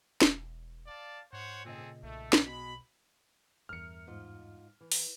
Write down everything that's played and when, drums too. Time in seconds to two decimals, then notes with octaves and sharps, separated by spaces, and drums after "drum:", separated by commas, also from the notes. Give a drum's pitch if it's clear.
0.22 E1, drum: snare
0.87 D5 F5 A5
1.33 G#2 C5 C#5 F#5
1.65 A#2 C#3 C4 G#4 A4 D#5
2.03 B1 A3
2.33 drum: snare
2.46 B2 G#3 B5
3.69 E2 G2 A#4 E5 F6 C#7
4.07 G#2 F4 D#5
4.81 E3
4.92 drum: open hi-hat